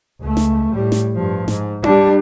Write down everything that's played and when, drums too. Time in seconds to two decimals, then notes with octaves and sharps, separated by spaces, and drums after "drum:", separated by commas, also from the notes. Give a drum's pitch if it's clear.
0.21 C#2 A3
0.37 drum: snare
0.74 A2 G3
0.92 drum: snare
1.14 G2 F3
1.48 G#2, drum: snare
1.84 G3 D4, drum: tom D4